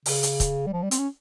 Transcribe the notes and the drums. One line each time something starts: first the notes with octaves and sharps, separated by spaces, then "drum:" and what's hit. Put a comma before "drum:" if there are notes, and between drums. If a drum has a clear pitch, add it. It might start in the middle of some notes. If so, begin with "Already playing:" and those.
C#3, drum: open hi-hat
drum: hi-hat
drum: kick, hi-hat
G3
F3
G3
C4, drum: hi-hat
C#4